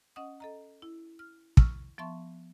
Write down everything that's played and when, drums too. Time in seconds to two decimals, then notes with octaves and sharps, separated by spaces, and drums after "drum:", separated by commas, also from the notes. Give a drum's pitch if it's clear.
0.16 C#4 D#5 F#5 D#6
0.40 A4 D#5 A#5
0.82 E4
1.19 F6
1.57 C#6 E6 F6, drum: kick
1.98 F3 B3 E5 A5 C6 C#6